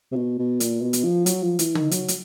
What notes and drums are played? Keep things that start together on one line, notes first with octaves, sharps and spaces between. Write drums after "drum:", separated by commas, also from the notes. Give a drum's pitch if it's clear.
C3
B2
B2
A#2, drum: hi-hat
B2
drum: hi-hat
F3
F#3, drum: hi-hat
F3
E3, drum: hi-hat
D#3, drum: tom
F#3, drum: hi-hat
drum: hi-hat